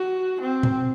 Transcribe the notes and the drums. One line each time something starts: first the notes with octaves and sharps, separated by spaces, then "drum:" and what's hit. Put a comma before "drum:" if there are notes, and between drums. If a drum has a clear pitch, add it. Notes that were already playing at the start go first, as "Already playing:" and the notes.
Already playing: F#4
C4
drum: tom A2